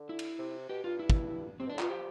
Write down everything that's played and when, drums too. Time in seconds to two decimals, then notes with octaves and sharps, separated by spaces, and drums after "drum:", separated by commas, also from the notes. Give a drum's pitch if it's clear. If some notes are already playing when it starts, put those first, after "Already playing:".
Already playing: D3
0.09 E4
0.19 drum: cymbal
0.39 C3
0.69 B2 G4
0.84 G2 F4
0.99 E4
1.10 drum: kick
1.60 C3 C4
1.67 B2
1.70 D4
1.74 A2
1.79 F4, drum: clap
1.82 B2
1.89 F3 G4